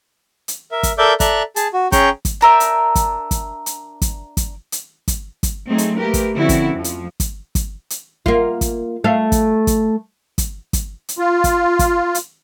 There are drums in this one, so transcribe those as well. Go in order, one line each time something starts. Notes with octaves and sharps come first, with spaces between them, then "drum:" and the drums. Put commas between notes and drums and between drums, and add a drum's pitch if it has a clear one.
drum: hi-hat
A#4 E5
drum: kick, hi-hat
A4 A#4 D5 E5 D6 G6
A4 D5 E5 A#5 F#6, drum: kick, hi-hat
G#4 A5, drum: hi-hat
F#4
C#4 G#4 G5 A#5 C#6 G6, drum: kick, hi-hat
drum: kick, hi-hat
D4 A#4 E5 G6
drum: hi-hat
drum: kick, hi-hat
drum: kick, hi-hat
drum: hi-hat
drum: kick, hi-hat
drum: kick, hi-hat
drum: hi-hat
drum: kick, hi-hat
drum: kick, hi-hat
F#3 A3 C4 D#4 G#4
drum: hi-hat
A3 A#3 G4 A#4 B4
drum: kick, hi-hat
D3 F3 C4 C#4 E4 F#4
drum: kick, hi-hat
F2 F3
drum: hi-hat
drum: kick, hi-hat
drum: kick, hi-hat
drum: hi-hat
A#3 F4, drum: kick
drum: kick, hi-hat
A3 A4 F5
drum: kick, hi-hat
drum: kick, hi-hat
drum: kick, hi-hat
drum: kick, hi-hat
drum: hi-hat
F4
drum: kick, hi-hat
drum: kick, hi-hat
drum: hi-hat